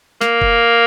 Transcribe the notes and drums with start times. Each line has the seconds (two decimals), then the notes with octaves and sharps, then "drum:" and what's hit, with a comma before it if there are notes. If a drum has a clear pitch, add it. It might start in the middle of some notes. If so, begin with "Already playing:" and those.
0.21 A#3, drum: snare
0.42 drum: kick F#1